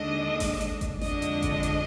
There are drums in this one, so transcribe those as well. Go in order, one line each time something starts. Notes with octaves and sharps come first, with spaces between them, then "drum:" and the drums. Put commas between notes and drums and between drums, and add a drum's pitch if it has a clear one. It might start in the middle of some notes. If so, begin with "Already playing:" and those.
Already playing: D#2 D3 G#3 D4 D#5
drum: kick G#1, open hi-hat
drum: hi-hat
drum: kick G#1, hi-hat
F2 D3 G#3 D4 D#5, drum: snare
drum: hi-hat
drum: kick G#1, hi-hat
drum: hi-hat